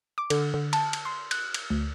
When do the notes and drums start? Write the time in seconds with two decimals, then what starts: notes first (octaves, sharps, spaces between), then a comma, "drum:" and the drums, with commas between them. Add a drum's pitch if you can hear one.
0.18 D6
0.30 D3, drum: cymbal
0.54 D3
0.73 A5, drum: cymbal
0.93 drum: cymbal
1.05 C6
1.31 F#6, drum: cymbal
1.54 drum: cymbal
1.70 D2